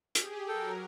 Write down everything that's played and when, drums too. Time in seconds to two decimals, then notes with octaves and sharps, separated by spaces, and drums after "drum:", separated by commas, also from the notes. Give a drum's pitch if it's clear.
0.15 G4 G#4, drum: hi-hat
0.48 F#3 A4 A#4 G5